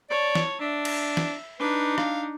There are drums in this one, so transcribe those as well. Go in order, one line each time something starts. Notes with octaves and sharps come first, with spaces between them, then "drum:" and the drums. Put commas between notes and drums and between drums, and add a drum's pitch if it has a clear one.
C#5 D5 A5
drum: snare
D4 E5
drum: cymbal
drum: snare
D4 D#4 B4
F5, drum: rim click